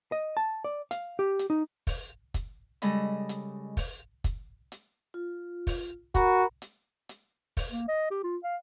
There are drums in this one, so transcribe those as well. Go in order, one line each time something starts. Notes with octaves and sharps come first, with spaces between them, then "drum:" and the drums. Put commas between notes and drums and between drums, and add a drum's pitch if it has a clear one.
D#5
A5
D5
F5, drum: hi-hat
G4
drum: hi-hat
D#4
drum: kick, open hi-hat
drum: kick, hi-hat
C#3 G3 G#3 A4 D#5 B5, drum: hi-hat
drum: hi-hat
drum: kick, open hi-hat
drum: kick, hi-hat
drum: hi-hat
F4
drum: kick, open hi-hat
F#4 A#4 A#5 B5, drum: kick, hi-hat
drum: hi-hat
drum: hi-hat
drum: kick, open hi-hat
A#3
D#5
G4
F4
F5